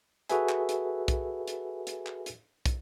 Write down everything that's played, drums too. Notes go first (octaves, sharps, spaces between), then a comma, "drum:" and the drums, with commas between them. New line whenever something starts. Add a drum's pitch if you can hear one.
F#4 G#4 A4 B4 E5 G#5, drum: hi-hat
drum: clap
drum: hi-hat
drum: kick, hi-hat
drum: hi-hat
drum: hi-hat
drum: clap
drum: hi-hat
drum: kick, hi-hat